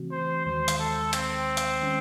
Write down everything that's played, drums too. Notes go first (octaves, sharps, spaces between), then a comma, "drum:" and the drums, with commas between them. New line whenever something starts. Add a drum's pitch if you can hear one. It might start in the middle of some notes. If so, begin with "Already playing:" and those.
Already playing: C#3 E3 A3 C4 F#4
C5
D#2 D#3 G#3 C5
drum: hi-hat
A4
C4, drum: hi-hat
drum: hi-hat
D#3 G#3 C#4